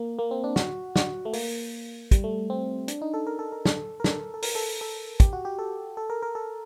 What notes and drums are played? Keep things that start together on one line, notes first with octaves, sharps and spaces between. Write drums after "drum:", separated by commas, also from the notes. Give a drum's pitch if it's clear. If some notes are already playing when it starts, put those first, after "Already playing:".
Already playing: A#3
A#3
C4
D4
F#4, drum: snare
F#4, drum: snare
A3
A#3, drum: open hi-hat
G3, drum: kick, hi-hat
A3
C4
D4, drum: hi-hat
D#4
A4
A#4
A4
A#4
A4, drum: snare
A#4
A4, drum: snare
A4
A#4, drum: open hi-hat
A4
A4
G4, drum: kick, hi-hat
F#4
G4
A4
A4
A#4
A#4
A4